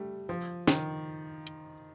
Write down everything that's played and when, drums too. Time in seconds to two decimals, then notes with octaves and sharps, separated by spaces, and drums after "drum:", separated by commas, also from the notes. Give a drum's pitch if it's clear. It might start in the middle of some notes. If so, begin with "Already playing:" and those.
Already playing: G3 A3
0.29 F3
0.67 D#3, drum: snare
1.47 drum: hi-hat